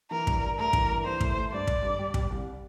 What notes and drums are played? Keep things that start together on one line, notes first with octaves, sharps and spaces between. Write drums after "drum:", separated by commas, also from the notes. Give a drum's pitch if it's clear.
E3 A#4
G2, drum: kick
G2
A3 A#4
E3, drum: kick
G2
E3 C5
A3, drum: kick
A3
G2 D5
G2, drum: kick
G2
G3
G3, drum: kick
C2